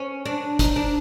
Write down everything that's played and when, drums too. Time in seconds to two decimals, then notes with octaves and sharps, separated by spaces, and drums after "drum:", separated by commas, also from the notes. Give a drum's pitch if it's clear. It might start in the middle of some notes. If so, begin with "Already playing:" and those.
Already playing: C#4
0.25 D4
0.59 D#4, drum: kick, hi-hat
0.76 D4